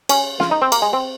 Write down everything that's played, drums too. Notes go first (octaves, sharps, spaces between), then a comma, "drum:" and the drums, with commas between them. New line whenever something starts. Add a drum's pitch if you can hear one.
C#4, drum: cymbal
F4, drum: snare
D#4
C4
A#3, drum: cymbal
G#3
C4